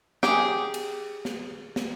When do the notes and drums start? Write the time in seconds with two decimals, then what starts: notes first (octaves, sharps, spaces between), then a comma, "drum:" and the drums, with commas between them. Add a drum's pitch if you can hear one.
0.23 G4 G#4, drum: snare
0.74 drum: cymbal
1.25 drum: snare
1.76 drum: snare